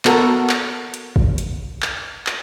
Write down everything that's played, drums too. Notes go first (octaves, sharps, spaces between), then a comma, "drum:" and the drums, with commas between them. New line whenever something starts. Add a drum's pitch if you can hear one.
B3 F#4 A4 A#4, drum: clap
drum: clap
drum: hi-hat
drum: kick
drum: hi-hat
drum: clap
drum: clap